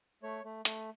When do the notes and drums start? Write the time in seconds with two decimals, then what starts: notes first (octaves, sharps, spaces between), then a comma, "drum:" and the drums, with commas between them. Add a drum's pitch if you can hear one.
0.23 A3 C#5
0.44 A3
0.65 A3, drum: hi-hat